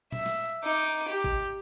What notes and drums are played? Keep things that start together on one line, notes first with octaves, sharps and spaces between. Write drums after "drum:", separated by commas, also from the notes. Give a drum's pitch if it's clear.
E5, drum: tom A#2
drum: snare
D#4 D6
G4
drum: kick A1